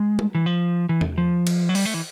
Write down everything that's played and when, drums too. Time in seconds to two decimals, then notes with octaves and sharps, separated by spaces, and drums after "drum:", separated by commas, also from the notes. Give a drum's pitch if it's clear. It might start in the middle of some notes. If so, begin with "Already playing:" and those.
Already playing: G#3
0.19 drum: tom
0.35 E3
0.46 F3
0.89 E3
1.01 drum: tom E2
1.18 F3
1.47 drum: cymbal
1.69 F#3
1.75 G3, drum: open hi-hat
1.85 A3
1.94 E3